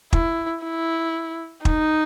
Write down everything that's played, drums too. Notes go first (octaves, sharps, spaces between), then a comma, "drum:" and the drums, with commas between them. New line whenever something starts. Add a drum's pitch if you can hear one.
E4, drum: kick
E4
D#4, drum: kick